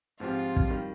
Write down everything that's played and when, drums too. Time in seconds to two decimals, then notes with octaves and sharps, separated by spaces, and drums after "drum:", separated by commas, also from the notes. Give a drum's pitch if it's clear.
0.20 G#2 F3 C4 F4 G4
0.56 drum: kick
0.68 D#3 G3